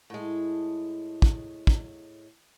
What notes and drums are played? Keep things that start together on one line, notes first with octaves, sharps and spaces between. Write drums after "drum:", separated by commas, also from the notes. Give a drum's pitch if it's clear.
A2 G#3
drum: kick
drum: kick